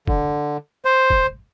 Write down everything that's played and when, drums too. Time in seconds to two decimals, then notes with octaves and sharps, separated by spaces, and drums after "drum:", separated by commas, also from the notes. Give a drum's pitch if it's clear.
0.07 D3, drum: kick
0.85 C5
1.10 drum: kick